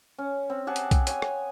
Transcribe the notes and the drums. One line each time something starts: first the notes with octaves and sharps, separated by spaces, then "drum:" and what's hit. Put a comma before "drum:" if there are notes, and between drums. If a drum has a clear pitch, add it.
C#4
C4
G4 G#4 F#5 A5
drum: hi-hat
drum: kick B1, hi-hat
C#5 G#5, drum: hi-hat
drum: rim click